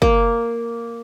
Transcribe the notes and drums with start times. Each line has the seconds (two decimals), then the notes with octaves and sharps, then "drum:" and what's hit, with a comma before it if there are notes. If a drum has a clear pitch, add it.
0.02 A#3, drum: kick